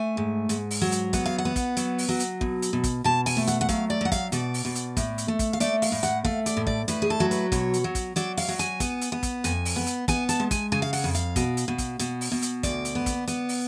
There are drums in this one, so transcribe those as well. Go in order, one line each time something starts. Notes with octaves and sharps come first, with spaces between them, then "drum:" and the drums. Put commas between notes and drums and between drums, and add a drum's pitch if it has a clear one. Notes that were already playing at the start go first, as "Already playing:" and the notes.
Already playing: A3 G#5
G#2
G#2, drum: hi-hat
drum: open hi-hat
F#3
drum: hi-hat
B3 F#5, drum: kick, hi-hat
F5
F#5
B3
drum: kick, hi-hat
F#3, drum: hi-hat
drum: open hi-hat
F#3
drum: hi-hat
B2, drum: kick
drum: hi-hat
B2
drum: kick, hi-hat
B2 A5
G#5, drum: open hi-hat
A3
F#5, drum: hi-hat
F#5
F#3 F5, drum: kick, hi-hat
D5
F#3 F#5
F5, drum: kick, hi-hat
B2 D5, drum: hi-hat
drum: open hi-hat
B2
drum: hi-hat
A2, drum: kick, hi-hat
drum: hi-hat
A3
drum: kick, hi-hat
F5
A3 D5, drum: hi-hat
F5, drum: open hi-hat
A2
F#5, drum: hi-hat
A3 F5, drum: kick
D5, drum: hi-hat
A2
D5, drum: kick
A2 B4, drum: hi-hat
G#4
A4
F#3
B4, drum: hi-hat
B2 C#5, drum: kick, hi-hat
drum: hi-hat
F#3
drum: kick, hi-hat
F#3 D5, drum: hi-hat
F5, drum: open hi-hat
F#3
G#5, drum: hi-hat
B3, drum: kick, hi-hat
drum: hi-hat
B3
drum: kick, hi-hat
F2 G#5, drum: hi-hat
drum: open hi-hat
B3
drum: hi-hat
B3 G#5, drum: kick, hi-hat
A5, drum: hi-hat
G#3
G#5, drum: kick, hi-hat
C#3 G#5
F5
F#5, drum: open hi-hat
F2
F5, drum: hi-hat
B2, drum: kick, hi-hat
drum: hi-hat
B2
drum: kick, hi-hat
B2, drum: hi-hat
drum: open hi-hat
B2
drum: hi-hat
D2 D5, drum: kick, hi-hat
drum: hi-hat
B3
drum: kick, hi-hat
B3, drum: hi-hat
drum: open hi-hat